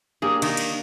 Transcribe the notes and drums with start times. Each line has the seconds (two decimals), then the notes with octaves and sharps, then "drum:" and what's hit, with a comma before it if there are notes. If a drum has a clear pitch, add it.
0.22 A#3 D4 G4 G#4
0.42 D#3, drum: cymbal
0.57 drum: cymbal